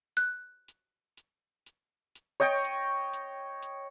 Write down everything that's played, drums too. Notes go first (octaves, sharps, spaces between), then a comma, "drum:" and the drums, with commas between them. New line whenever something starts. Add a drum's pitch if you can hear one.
F#6
drum: hi-hat
drum: hi-hat
drum: hi-hat
drum: hi-hat
C#5 D#5 G5 C#6
drum: hi-hat
drum: hi-hat
drum: hi-hat